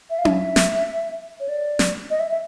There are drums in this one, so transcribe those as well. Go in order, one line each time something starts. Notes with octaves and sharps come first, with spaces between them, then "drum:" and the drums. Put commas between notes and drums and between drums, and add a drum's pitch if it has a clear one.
E5
F5
E5, drum: tom C#4
drum: snare
C#5
D5
drum: snare
D#5
E5
E5